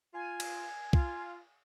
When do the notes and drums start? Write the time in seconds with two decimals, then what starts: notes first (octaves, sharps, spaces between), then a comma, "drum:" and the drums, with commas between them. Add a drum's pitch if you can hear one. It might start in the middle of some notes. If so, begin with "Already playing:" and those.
0.14 F4 G#5
0.40 drum: cymbal
0.93 F4, drum: kick